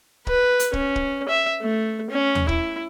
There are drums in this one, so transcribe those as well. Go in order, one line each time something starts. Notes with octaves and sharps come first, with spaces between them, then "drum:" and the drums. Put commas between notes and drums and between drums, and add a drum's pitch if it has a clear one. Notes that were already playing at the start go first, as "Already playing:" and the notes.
B4, drum: kick
drum: hi-hat
C#4, drum: kick
drum: kick
E5
A3
C#4
drum: tom D#2
E4, drum: kick